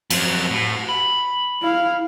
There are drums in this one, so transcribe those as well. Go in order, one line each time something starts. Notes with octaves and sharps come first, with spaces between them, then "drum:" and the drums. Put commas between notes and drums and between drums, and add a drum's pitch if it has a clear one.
F2 F#3, drum: cymbal
A2
B5
E4 F5